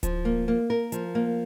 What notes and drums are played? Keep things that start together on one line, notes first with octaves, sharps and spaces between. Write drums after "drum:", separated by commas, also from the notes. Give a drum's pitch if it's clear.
F3, drum: kick D1, hi-hat
A#3
A#3
A#4
F3, drum: hi-hat
A#3